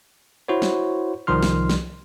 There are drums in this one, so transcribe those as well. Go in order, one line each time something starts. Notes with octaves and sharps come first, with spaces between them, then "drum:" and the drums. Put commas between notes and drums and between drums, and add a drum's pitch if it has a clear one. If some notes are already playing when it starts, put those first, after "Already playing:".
E4 F#4 C5 C#5
drum: snare
C2 D#3 F3 C6 F6
drum: snare
drum: snare